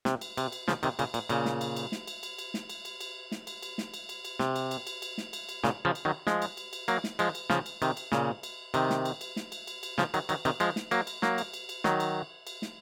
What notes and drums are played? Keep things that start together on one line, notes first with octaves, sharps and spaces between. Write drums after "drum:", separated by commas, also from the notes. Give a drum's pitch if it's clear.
C3, drum: snare
drum: cymbal
C3, drum: cymbal
drum: cymbal
C#3 F3, drum: snare
C3 D#3, drum: cymbal
A#2 C#3, drum: cymbal
A#2, drum: cymbal
A#2 C#3, drum: cymbal
drum: snare
drum: cymbal
drum: cymbal
drum: snare
drum: cymbal
drum: cymbal
drum: cymbal
drum: snare
drum: cymbal
drum: cymbal
drum: cymbal
drum: snare
drum: cymbal
drum: cymbal
drum: snare
drum: cymbal
drum: cymbal
drum: cymbal
C3, drum: snare
drum: cymbal
drum: cymbal
drum: cymbal
drum: cymbal
drum: snare
drum: cymbal
drum: cymbal
A#2 C#3, drum: snare
C#3 F3
drum: cymbal
D#3 F#3
F3 G#3, drum: snare
drum: cymbal
drum: cymbal
drum: cymbal
F#3 A#3, drum: cymbal
drum: snare
F3 G#3, drum: cymbal
drum: cymbal
C#3 F3, drum: snare
drum: cymbal
C3 D#3, drum: cymbal
drum: cymbal
A#2 C#3, drum: snare
drum: cymbal
C3 D#3, drum: cymbal
drum: snare
drum: cymbal
drum: cymbal
drum: snare
drum: cymbal
drum: cymbal
drum: cymbal
C#3 F3, drum: snare
D#3 F#3, drum: cymbal
D#3 F#3, drum: cymbal
C3 D#3, drum: cymbal
F3 G#3, drum: cymbal
drum: snare
F#3 A#3, drum: cymbal
drum: cymbal
F#3 A#3, drum: snare
drum: cymbal
drum: cymbal
drum: cymbal
D#3 F#3, drum: snare
drum: cymbal
drum: cymbal
drum: snare